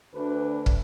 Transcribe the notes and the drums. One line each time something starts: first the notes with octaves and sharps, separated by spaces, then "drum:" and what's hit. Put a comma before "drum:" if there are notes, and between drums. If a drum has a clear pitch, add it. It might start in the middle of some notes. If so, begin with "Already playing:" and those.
D2 D4 B4
drum: kick